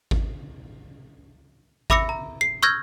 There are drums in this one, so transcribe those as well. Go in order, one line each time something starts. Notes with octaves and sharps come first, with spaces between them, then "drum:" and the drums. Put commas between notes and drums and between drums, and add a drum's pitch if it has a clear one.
drum: kick G#1
E5 B5 D6 E6 A#6 C#7, drum: kick G#1
A#5
C7
C#6 E6 F6 G6 G#6 A#6